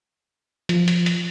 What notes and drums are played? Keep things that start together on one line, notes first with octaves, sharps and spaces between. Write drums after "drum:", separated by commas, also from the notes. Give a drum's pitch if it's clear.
F3, drum: hi-hat
drum: hi-hat
drum: hi-hat